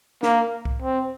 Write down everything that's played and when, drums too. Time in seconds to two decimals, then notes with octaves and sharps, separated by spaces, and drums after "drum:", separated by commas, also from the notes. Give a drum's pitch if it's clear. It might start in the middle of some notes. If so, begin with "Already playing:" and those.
0.23 A#3, drum: snare
0.65 drum: kick C2
0.82 C4